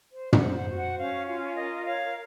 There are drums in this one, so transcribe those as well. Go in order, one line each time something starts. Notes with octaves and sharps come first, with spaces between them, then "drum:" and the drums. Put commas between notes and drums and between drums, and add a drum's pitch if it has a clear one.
C5
F#5, drum: tom
C5
F#5
F#4
F#5
C#4 F5
F4 F5
A#4 D#5
C#5 F5